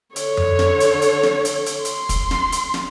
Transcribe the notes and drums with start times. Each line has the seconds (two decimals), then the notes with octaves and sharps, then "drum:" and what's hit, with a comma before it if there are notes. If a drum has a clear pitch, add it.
0.16 D3 C#5, drum: hi-hat
0.37 drum: tom F2
0.59 drum: snare
0.80 drum: hi-hat
1.02 drum: hi-hat
1.23 drum: snare
1.45 drum: hi-hat
1.66 drum: hi-hat
1.85 C6, drum: hi-hat
2.09 drum: kick, hi-hat
2.31 drum: snare
2.52 drum: hi-hat
2.74 drum: snare